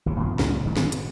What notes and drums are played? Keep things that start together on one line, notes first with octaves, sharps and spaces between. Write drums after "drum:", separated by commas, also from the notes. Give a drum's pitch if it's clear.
G1 D#2 C#3
F#2 B2 D#3 F3
C#2 A2 F#3 G3, drum: snare
G1 G#2 D#3 F#3
drum: snare
B2, drum: hi-hat